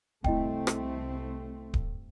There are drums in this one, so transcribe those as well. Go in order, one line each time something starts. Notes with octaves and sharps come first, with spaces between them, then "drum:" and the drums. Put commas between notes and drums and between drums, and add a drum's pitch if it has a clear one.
C2 A3 C4 E4 D#5 G5, drum: kick D1
drum: rim click
drum: kick D1